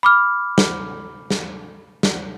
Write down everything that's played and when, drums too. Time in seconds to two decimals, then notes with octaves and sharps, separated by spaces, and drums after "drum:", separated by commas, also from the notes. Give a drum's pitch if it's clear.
0.03 B5 D6 F6
0.58 drum: snare
1.30 drum: snare
2.03 drum: snare